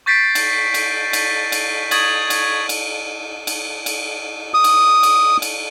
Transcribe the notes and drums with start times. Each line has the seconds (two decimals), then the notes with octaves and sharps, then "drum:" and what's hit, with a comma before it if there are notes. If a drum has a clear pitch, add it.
0.06 C#6 G6 A6 B6 C7 D7
0.35 drum: cymbal
0.74 drum: cymbal
1.13 drum: cymbal
1.52 drum: cymbal
1.91 C#6 D#6 G#6 A6 F#7, drum: cymbal
2.30 drum: cymbal
2.69 drum: cymbal
3.47 drum: cymbal
3.86 drum: cymbal
4.54 D#6
4.64 drum: cymbal
5.03 drum: cymbal
5.42 drum: cymbal